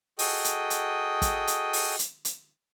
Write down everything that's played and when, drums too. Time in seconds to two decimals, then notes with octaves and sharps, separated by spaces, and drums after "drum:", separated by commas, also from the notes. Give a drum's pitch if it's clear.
0.19 F#4 G#4 A4 D#5 G5 D#6, drum: open hi-hat
0.44 drum: hi-hat
0.70 drum: hi-hat
1.22 drum: kick, hi-hat
1.47 drum: hi-hat
1.73 drum: open hi-hat
1.99 drum: hi-hat
2.25 drum: hi-hat